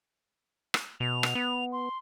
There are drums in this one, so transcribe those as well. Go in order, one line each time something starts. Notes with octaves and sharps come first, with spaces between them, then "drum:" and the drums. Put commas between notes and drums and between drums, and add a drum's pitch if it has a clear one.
drum: rim click
B2 F7
drum: rim click
B3
C6